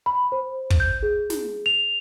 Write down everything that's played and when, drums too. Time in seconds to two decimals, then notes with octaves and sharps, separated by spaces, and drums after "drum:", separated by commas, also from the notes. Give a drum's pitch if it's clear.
0.06 B5
0.32 C5
0.70 drum: kick
0.80 G6
1.03 G#4
1.30 drum: snare
1.66 F7